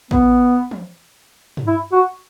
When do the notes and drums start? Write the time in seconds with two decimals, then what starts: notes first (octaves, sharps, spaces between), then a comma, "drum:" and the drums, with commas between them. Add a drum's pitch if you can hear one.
0.11 B3, drum: kick
0.71 drum: tom
1.57 drum: tom
1.67 E4
1.92 F#4